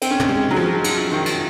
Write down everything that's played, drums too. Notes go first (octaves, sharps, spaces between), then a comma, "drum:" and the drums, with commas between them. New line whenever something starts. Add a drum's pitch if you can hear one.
C4, drum: cymbal
C#4
C4, drum: tom
G#3
F#3
F3
F#3, drum: cymbal
D#3
drum: cymbal